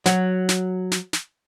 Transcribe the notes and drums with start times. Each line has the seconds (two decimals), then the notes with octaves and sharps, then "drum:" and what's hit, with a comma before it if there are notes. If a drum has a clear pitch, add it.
0.06 F#3, drum: snare
0.49 drum: snare
0.92 drum: snare
1.13 drum: snare